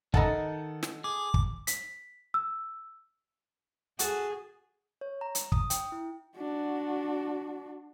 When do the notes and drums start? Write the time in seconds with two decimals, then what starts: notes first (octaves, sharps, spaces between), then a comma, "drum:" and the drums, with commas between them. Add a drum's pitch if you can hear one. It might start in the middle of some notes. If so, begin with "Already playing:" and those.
0.14 D#3 D#4 A4 E5 F#5 A5, drum: kick
0.83 drum: snare
1.04 G#4 D6
1.34 drum: kick
1.67 B6, drum: hi-hat
2.34 E6
3.99 F#4 G#4 A4, drum: hi-hat
5.01 C#5
5.21 A#5
5.35 drum: hi-hat
5.52 D#6, drum: kick
5.70 G5, drum: hi-hat
5.92 E4
6.36 D4 F#4